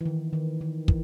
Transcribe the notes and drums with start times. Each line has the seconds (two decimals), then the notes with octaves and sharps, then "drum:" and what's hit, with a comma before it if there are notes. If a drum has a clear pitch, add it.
0.01 E3
0.06 D#3
0.33 D#3
0.61 D#3
0.88 E3, drum: kick